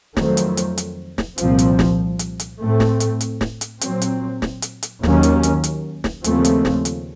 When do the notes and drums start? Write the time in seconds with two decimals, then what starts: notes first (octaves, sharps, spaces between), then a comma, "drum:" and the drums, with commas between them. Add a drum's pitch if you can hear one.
0.17 F2 D#3 F#3 A3 C4, drum: snare
0.37 drum: hi-hat
0.57 drum: hi-hat
0.78 drum: hi-hat
1.18 drum: snare
1.38 C2 A#2 F3 C4, drum: hi-hat
1.59 drum: hi-hat
1.79 drum: snare
2.19 drum: hi-hat
2.40 drum: hi-hat
2.60 A2 A3 C4
2.80 drum: snare
3.00 drum: hi-hat
3.21 drum: hi-hat
3.41 drum: snare
3.61 drum: hi-hat
3.81 A#2 F#3 C4, drum: hi-hat
4.02 drum: hi-hat
4.42 drum: snare
4.62 drum: hi-hat
4.83 drum: hi-hat
5.03 D#2 D#3 F#3 A#3 C#4, drum: snare
5.23 drum: hi-hat
5.43 drum: hi-hat
5.64 drum: hi-hat
6.04 drum: snare
6.24 D#2 C#3 F3 A3 C4, drum: hi-hat
6.45 drum: hi-hat
6.65 drum: snare
6.85 drum: hi-hat